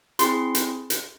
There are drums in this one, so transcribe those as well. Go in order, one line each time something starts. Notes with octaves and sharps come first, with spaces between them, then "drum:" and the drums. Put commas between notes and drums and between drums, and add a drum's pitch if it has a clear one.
C4 E4 G#4 C6, drum: hi-hat
drum: hi-hat
drum: hi-hat